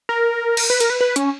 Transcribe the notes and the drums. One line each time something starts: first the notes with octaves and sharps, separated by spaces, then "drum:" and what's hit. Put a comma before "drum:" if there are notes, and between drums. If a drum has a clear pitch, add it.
A#4
drum: cymbal
B4
A#4, drum: hi-hat
B4
B4
C#4, drum: hi-hat